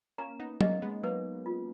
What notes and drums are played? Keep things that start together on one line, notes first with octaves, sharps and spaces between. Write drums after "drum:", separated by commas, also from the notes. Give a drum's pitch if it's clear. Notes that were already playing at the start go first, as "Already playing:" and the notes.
A#3 C#4 A#5
B3 D#4
A#3 C#4 D#5, drum: tom F#3
G#3 B3
F#3 A#3 B4
F4